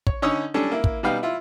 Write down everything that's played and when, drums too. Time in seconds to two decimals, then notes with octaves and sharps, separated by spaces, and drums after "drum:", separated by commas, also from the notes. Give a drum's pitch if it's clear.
0.07 C#5, drum: kick
0.22 D3 C#4 D#4 C#5 D#6 E6
0.54 G3 C#4 D4 A4
0.71 A#3 E4
0.84 drum: kick
1.03 B2 G3 D#4 B4 F5 G5
1.23 E4 F4